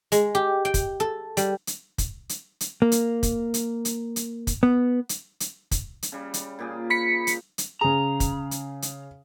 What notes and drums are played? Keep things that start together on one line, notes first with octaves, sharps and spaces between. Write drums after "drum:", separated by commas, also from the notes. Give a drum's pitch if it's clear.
G#3, drum: hi-hat
G4
G5
drum: kick, hi-hat
A4
G3, drum: hi-hat
drum: hi-hat
drum: kick, hi-hat
drum: hi-hat
drum: hi-hat
A#3
drum: hi-hat
drum: kick, hi-hat
drum: hi-hat
drum: hi-hat
drum: hi-hat
drum: kick, hi-hat
B3
drum: hi-hat
drum: hi-hat
drum: kick, hi-hat
drum: hi-hat
C#3 G3
drum: hi-hat
A#2 G4 G#4
B5 B6 C#7
drum: hi-hat
drum: hi-hat
C#3 G#4 A#5
drum: kick, hi-hat
drum: hi-hat
drum: hi-hat